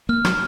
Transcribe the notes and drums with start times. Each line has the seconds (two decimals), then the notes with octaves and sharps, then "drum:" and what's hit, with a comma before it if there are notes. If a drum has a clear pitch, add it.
0.09 A#3 F6
0.25 F#3 F6, drum: rim click